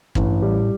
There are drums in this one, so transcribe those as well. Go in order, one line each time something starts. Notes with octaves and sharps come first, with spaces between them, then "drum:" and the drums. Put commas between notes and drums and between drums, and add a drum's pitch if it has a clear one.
A1 G2, drum: kick
A2 G3